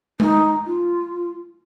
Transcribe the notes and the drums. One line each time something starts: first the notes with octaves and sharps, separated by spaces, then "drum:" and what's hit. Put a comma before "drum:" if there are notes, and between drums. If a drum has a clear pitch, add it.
D#4, drum: tom G#3
F4